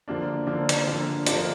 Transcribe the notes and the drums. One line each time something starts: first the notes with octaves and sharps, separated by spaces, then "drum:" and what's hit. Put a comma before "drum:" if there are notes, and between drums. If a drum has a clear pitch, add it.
D3 F3 A#3 D4
D3 F3 A#3 D4
drum: hi-hat
D3 F3 A#3 D4
D3 F3 A#3 D4, drum: hi-hat